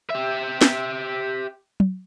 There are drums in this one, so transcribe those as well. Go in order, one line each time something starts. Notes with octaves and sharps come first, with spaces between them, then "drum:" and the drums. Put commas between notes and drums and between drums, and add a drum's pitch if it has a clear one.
G4 E5
drum: snare
drum: tom